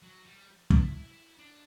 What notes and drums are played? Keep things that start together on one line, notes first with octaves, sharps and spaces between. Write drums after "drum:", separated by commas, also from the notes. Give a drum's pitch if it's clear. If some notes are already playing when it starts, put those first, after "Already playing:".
F#3
G3
E4, drum: kick
D4